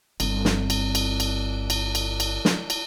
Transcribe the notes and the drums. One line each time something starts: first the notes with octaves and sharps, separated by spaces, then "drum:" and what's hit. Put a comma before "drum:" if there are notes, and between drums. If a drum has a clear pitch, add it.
G1 C4, drum: cymbal
drum: snare
drum: cymbal
drum: cymbal
drum: cymbal
drum: cymbal
drum: cymbal
drum: cymbal
drum: snare
drum: cymbal